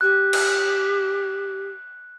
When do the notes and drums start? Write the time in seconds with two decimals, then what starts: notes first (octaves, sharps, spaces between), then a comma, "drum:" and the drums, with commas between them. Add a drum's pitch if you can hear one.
0.01 G4 F#6
0.33 drum: cymbal